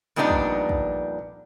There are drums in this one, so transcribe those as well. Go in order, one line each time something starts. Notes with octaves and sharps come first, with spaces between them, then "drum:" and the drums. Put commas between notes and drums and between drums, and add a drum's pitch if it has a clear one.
F2 A#2 G3 B3 D4 D#4
drum: kick
drum: kick